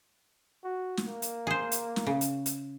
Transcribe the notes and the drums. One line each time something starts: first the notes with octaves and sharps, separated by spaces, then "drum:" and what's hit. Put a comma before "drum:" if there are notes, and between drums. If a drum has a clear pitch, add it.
F#4
drum: snare
A#3
drum: hi-hat
G#4 C5
drum: hi-hat
drum: snare
C#3
drum: hi-hat
drum: hi-hat